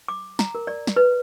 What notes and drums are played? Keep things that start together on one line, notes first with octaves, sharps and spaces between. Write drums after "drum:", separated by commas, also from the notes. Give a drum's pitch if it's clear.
D6
A#5, drum: snare
A#4
D5
drum: snare
B4